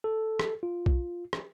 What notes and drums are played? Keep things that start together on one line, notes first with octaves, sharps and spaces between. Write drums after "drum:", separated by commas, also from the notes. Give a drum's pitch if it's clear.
A4
drum: rim click
F4
drum: kick B1
drum: rim click